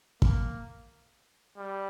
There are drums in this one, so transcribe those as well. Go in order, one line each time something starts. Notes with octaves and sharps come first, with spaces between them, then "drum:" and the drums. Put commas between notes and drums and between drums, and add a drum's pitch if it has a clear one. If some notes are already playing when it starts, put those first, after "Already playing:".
A#3, drum: kick
G3